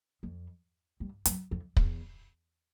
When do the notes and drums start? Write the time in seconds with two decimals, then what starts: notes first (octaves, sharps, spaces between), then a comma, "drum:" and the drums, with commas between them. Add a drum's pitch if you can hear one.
0.23 F2
1.00 G2
1.25 F#2, drum: hi-hat
1.51 F2
1.77 E2, drum: kick